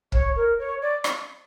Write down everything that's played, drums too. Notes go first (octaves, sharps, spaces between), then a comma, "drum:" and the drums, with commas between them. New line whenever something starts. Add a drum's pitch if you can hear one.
C#5, drum: kick
A#4
C#5
D5
drum: rim click